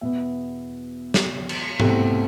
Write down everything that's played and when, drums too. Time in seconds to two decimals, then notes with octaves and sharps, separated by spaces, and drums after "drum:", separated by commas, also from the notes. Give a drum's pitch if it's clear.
0.01 E2 B2 B3 E5
1.14 drum: snare
1.49 drum: cymbal
1.80 C2 B2 A3 C4, drum: tom G#2